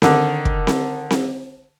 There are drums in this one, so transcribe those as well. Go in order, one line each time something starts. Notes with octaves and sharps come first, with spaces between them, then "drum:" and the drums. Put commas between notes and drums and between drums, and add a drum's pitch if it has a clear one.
D3 D#3, drum: snare C4
drum: kick
drum: snare C4
drum: snare C4